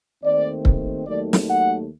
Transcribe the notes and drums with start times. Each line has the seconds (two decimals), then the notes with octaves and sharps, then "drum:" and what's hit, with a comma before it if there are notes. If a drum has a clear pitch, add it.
0.24 D#2 D#3 A3 C4 D5
0.65 drum: kick C#1
1.05 D#2 D#3 F#3 A3 D5
1.33 drum: snare
1.47 F#5